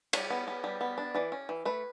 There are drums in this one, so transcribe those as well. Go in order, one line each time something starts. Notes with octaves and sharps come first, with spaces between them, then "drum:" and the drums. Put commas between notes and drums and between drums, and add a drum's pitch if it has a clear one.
G3 C#5, drum: cymbal
B3
B3
G3
B3
D4
E3 D5
C#4
E3
A3 B4